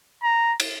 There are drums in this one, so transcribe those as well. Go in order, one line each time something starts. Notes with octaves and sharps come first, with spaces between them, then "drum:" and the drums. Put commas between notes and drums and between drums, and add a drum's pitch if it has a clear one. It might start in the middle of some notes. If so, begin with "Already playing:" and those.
A#5
drum: cymbal